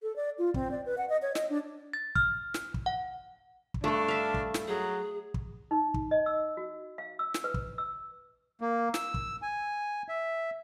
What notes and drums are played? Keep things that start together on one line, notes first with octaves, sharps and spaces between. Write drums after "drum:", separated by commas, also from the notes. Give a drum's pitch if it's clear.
A4
D5
F4
C4, drum: kick
D5
B4
F#5
D#5
C#5
D#5, drum: snare
D4
A6
F6, drum: kick
drum: snare
drum: kick
F#5
drum: kick
G2 A3 D4 A4
E5 F5
drum: kick
drum: snare
F#3 G#4
drum: kick
D#4
drum: kick
D#5
E6
F#4
F5
E6
drum: snare
B4
drum: kick
E6
A#3
E6, drum: snare
drum: kick
G#5
E5